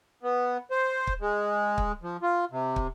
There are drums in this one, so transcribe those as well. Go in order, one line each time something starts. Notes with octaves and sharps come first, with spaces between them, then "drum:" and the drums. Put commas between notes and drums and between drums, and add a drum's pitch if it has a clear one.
B3
C5
drum: kick
G#3
drum: kick
F3
F4
C3
drum: kick